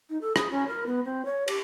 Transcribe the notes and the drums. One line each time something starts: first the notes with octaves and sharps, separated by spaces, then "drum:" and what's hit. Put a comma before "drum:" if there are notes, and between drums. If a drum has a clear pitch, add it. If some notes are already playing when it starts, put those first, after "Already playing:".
D#4
A4
G#4, drum: rim click
C#4
A#4
B3
C4
C#5
G4, drum: cymbal